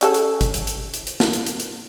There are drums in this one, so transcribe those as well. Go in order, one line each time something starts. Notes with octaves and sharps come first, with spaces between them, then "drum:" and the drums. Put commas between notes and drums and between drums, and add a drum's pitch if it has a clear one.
C#4 G#4 A4, drum: hi-hat
drum: hi-hat
drum: kick, hi-hat
drum: hi-hat
drum: hi-hat
drum: hi-hat
drum: hi-hat
drum: snare
drum: hi-hat
drum: hi-hat
drum: hi-hat